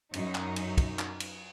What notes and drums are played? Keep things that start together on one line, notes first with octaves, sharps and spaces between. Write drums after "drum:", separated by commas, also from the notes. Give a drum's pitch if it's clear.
F#2 D#4, drum: cymbal
drum: clap
drum: cymbal
drum: kick, cymbal
drum: clap
drum: cymbal